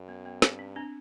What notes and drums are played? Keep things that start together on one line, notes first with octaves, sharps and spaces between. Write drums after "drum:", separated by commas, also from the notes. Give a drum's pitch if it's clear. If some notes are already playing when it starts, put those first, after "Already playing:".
Already playing: F#2
B3
B3
G2 C4, drum: snare
C#4
C4 D4